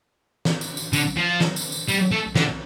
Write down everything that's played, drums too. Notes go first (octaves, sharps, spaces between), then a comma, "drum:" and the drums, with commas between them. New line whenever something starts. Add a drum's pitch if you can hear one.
drum: snare
drum: tambourine
drum: tambourine
D3, drum: tambourine
F3
drum: snare
drum: tambourine
drum: tambourine
G3, drum: tambourine
A3
D3, drum: snare